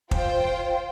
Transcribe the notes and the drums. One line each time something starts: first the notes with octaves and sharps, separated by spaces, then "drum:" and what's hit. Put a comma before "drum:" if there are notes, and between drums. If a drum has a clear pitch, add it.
F4 C5 G5, drum: kick